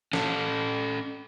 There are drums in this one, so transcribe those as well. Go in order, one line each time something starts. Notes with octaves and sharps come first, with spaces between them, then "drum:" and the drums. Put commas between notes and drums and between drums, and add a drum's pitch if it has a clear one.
C#4 A4, drum: snare